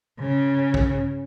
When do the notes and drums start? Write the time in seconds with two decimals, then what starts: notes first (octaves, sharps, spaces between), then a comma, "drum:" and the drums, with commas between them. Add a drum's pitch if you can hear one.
0.20 C#3
0.74 drum: kick